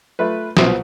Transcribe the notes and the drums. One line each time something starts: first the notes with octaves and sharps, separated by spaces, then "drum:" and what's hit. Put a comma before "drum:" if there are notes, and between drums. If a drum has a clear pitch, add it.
A3 F4 B4
C2 B2 F3 F#3 E5 D#6, drum: snare